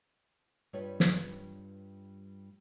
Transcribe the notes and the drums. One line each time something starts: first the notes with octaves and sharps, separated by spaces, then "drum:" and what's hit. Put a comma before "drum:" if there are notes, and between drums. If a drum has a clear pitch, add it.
G2 G3 F4 B4 C#5
drum: snare